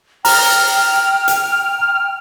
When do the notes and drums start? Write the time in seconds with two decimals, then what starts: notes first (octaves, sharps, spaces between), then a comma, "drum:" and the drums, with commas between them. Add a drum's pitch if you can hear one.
0.25 G5 A#5 F6, drum: open hi-hat
1.28 drum: hi-hat